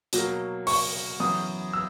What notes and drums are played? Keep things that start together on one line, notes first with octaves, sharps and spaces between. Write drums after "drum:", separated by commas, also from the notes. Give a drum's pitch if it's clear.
B2 F#3 A#3, drum: hi-hat
C#6, drum: open hi-hat
F#2 E3 B3 D#6
E6